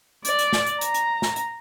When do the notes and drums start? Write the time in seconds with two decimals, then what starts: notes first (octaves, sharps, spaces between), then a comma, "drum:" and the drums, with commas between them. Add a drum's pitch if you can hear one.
0.25 D5, drum: hi-hat
0.39 drum: hi-hat
0.53 drum: snare
0.66 drum: hi-hat
0.81 A#5, drum: hi-hat
0.94 drum: hi-hat
1.22 drum: snare
1.36 drum: hi-hat